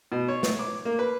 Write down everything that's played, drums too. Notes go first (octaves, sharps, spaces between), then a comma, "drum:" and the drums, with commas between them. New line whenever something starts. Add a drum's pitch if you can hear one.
B2
C#5
drum: snare
D6
A#3
B4